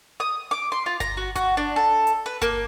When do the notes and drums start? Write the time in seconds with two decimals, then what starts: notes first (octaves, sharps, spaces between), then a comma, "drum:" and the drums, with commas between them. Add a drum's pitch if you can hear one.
0.20 D#6
0.51 D6
0.72 C6
0.86 F4
1.00 A#5, drum: kick G1, hi-hat
1.17 F#4
1.36 F#4, drum: kick G1, hi-hat
1.57 D4
1.76 A4
2.07 drum: hi-hat
2.26 B4
2.42 A#3, drum: kick G1, hi-hat